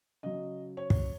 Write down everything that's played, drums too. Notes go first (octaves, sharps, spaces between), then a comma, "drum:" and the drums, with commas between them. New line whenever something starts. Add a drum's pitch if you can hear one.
C#3 F#3 D#5
C#5
drum: kick